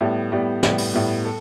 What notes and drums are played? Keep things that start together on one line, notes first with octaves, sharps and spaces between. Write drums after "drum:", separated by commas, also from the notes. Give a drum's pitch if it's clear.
A2 G3 B3
A2 G3 B3
A2 G3 B3, drum: snare
drum: open hi-hat
A2 G3 B3
A4